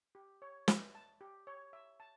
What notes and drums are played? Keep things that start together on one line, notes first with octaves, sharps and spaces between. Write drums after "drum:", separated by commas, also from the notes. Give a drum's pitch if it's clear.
G4
C#5
E5, drum: snare
A5
G4
C#5
E5
A5